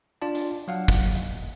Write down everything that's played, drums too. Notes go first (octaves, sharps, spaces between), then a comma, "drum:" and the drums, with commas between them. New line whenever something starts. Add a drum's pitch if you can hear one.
D4 F4 D5 A5
drum: hi-hat
F#3 F5 F#5
drum: kick, hi-hat
drum: hi-hat